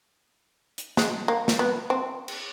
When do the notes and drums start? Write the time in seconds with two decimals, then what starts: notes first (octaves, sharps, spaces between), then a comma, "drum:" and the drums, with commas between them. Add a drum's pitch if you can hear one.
0.78 drum: hi-hat
0.97 G#3, drum: snare
1.28 A#3
1.48 drum: snare
1.59 B3
1.90 C4
2.28 drum: cymbal